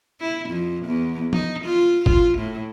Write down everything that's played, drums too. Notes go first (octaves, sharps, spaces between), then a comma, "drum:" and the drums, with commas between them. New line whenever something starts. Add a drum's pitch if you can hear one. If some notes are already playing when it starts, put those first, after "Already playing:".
E4
F2
E2
D#4, drum: tom F3
F4
F4, drum: kick
A2